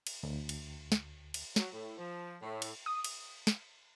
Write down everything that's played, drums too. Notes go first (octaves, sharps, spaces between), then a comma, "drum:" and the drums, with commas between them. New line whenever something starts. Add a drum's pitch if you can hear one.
drum: cymbal
D2
drum: cymbal
drum: snare
drum: cymbal
F#3, drum: snare
A2
F3
A2
drum: cymbal
D#6
drum: cymbal
drum: snare